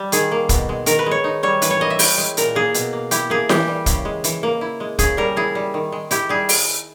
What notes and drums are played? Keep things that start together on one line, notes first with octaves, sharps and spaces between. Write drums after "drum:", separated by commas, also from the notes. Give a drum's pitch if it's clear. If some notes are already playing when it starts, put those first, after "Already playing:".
Already playing: G3
D#3 G#4, drum: hi-hat
A#3
B2, drum: kick, hi-hat
G#3
D#3 A#4, drum: hi-hat
B4
G#3
C#5
D#4
G3 C#5
E3 B4, drum: hi-hat
C#5
A#3 D#5
E5
E4 G5, drum: open hi-hat
G#3
A#2 A#4, drum: hi-hat
A#3 G#4
B2, drum: hi-hat
A#3
E4 G4, drum: hi-hat
A#3 G#4
E3 G4, drum: snare E4
G3
C#3, drum: kick, hi-hat
G#3
E3, drum: hi-hat
A#3
E4
G#3
C#3 G#4, drum: kick, hi-hat
G3 A#4
E4 G#4
G3
D#3
G#3
E4 G4, drum: hi-hat
G3 G#4
drum: open hi-hat